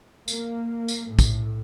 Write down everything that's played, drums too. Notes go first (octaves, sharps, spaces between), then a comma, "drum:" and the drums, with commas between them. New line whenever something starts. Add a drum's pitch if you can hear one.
A#3, drum: tambourine
drum: tambourine
A2
drum: kick, tambourine